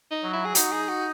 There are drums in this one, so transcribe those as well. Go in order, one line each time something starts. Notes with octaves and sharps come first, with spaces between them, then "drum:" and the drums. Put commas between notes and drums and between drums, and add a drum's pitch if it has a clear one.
D#4
F#3
E4
G#4
D#4 F#4, drum: hi-hat
G#4
F#4